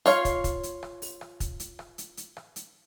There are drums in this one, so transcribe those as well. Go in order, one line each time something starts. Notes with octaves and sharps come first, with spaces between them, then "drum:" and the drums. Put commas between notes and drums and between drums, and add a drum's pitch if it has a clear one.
F4 C#5 F5, drum: open hi-hat
drum: kick, hi-hat
drum: kick, hi-hat
drum: hi-hat
drum: rim click
drum: open hi-hat
drum: rim click
drum: kick, hi-hat
drum: hi-hat
drum: rim click
drum: hi-hat
drum: hi-hat
drum: rim click
drum: hi-hat